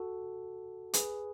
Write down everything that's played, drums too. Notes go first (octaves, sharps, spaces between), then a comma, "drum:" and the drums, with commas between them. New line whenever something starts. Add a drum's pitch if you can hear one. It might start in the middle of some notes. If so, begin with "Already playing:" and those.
Already playing: F#4 A4
G#4 B4, drum: hi-hat